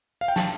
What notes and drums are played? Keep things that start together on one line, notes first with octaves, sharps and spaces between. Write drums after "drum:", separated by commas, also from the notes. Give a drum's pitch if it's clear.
F5
G5
A5, drum: snare